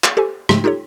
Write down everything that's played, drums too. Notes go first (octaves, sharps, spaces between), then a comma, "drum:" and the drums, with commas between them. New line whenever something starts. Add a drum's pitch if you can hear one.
drum: clap
G4 A4 C5 G#5
G#2 C#3 F3 G#3 A3, drum: rim click
D#4 F4 G4 A4 C#5